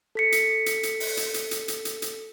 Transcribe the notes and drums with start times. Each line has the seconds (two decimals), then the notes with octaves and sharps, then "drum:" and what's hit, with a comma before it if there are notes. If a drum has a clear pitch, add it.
0.15 A4 B6 C#7
0.32 drum: hi-hat
0.66 drum: hi-hat
0.83 drum: hi-hat
1.00 drum: open hi-hat
1.17 drum: hi-hat
1.34 drum: hi-hat
1.51 drum: hi-hat
1.68 drum: hi-hat
1.85 drum: hi-hat
2.02 drum: hi-hat